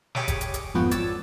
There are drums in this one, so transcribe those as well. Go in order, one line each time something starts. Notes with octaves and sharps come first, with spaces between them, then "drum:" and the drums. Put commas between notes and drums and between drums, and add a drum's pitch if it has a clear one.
G4 G#4 C#5 B5 D6 D#6, drum: snare
drum: kick, hi-hat
drum: hi-hat
drum: hi-hat
G#1 F2 F3 B3 F#4 G5
C#5 D5 A5 E6, drum: hi-hat